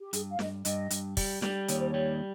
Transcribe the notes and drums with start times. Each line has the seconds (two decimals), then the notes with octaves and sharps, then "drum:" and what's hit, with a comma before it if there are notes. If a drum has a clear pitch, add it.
0.01 G4
0.13 G2 G#4, drum: hi-hat
0.30 F5
0.39 G2 D#5, drum: snare
0.65 G2 D#5, drum: hi-hat
0.90 G2, drum: hi-hat
1.17 G3, drum: kick, open hi-hat
1.42 G3, drum: snare
1.68 D#2 C#5, drum: hi-hat
1.80 C5
1.89 G3 C#5